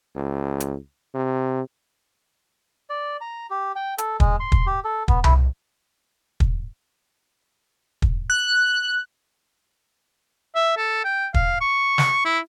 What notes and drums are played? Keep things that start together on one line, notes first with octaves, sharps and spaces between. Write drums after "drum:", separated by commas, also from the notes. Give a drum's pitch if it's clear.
C#2
drum: hi-hat
C3
D5
A#5
G4
G5
A4, drum: hi-hat
G#3, drum: kick
C6
drum: kick
G4
A4
B3, drum: kick
E4, drum: tom C2
drum: kick
drum: kick
F#6
E5
A4
G5
F5, drum: kick
C#6
drum: snare
E4